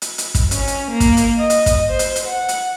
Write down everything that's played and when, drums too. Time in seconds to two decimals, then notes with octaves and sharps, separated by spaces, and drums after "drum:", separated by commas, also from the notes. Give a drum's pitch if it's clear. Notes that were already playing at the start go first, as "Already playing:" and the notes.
0.02 drum: hi-hat
0.18 drum: hi-hat
0.35 drum: kick, hi-hat
0.51 C#4, drum: hi-hat
0.67 drum: hi-hat
0.91 A#3
1.00 drum: kick, hi-hat
1.17 drum: hi-hat
1.38 D#5
1.50 drum: hi-hat
1.66 drum: kick, hi-hat
1.90 C5
1.99 drum: hi-hat
2.16 drum: hi-hat
2.27 F#5
2.48 drum: hi-hat